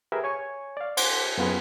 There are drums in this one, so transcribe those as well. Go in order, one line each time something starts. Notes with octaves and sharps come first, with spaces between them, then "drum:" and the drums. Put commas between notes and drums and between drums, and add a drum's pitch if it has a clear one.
G4 G#4 A#4 B4 E5
C#5 G#5 C#6
D5 F5
C5 F#5 G#5 C6 D6, drum: cymbal
F#2 B3 F4 G#4 B5